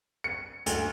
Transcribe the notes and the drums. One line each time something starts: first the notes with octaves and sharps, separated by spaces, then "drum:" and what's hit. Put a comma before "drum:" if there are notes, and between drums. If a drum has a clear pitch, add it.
C#7
D2, drum: hi-hat